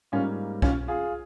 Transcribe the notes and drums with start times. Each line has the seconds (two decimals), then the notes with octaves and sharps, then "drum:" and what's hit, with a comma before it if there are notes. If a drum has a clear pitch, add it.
0.12 G#2 G3 A#3 C#4 F4
0.62 C#4 F4, drum: kick B1
0.88 F4 G#4